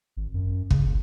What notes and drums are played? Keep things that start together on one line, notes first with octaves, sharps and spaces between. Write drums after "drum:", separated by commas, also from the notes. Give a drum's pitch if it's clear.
G#1
F#2
C#3, drum: kick
F#1